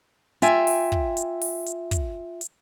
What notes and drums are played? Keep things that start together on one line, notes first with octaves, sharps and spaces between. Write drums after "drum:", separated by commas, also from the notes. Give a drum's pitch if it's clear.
F4 E5 G5 G#5, drum: hi-hat
drum: open hi-hat
drum: kick
drum: hi-hat
drum: open hi-hat
drum: hi-hat
drum: kick, hi-hat
drum: hi-hat